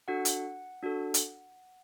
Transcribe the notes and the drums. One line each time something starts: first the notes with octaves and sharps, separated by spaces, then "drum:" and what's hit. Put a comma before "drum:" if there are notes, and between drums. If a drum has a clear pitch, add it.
D4 F#4 A4 F#5
drum: hi-hat
D4 F#4 A4
drum: hi-hat